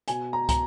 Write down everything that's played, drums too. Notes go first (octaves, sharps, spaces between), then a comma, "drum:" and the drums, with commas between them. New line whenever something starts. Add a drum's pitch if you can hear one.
B2 G#5, drum: hi-hat
A#5
A#5, drum: kick, hi-hat